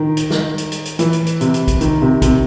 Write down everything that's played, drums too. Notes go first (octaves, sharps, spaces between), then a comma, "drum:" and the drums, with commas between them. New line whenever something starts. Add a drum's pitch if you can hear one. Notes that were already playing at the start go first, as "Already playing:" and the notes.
Already playing: D#3
drum: hi-hat
drum: snare
drum: hi-hat
drum: hi-hat
drum: hi-hat
E3, drum: hi-hat
drum: hi-hat
drum: hi-hat
C3, drum: hi-hat
drum: hi-hat
drum: kick, hi-hat
D#3, drum: hi-hat
C3
C3, drum: kick, hi-hat